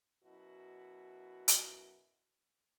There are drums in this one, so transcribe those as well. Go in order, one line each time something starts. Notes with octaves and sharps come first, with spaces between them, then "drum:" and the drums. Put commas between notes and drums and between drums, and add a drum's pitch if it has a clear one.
F#2 B2 E4 F#4
drum: hi-hat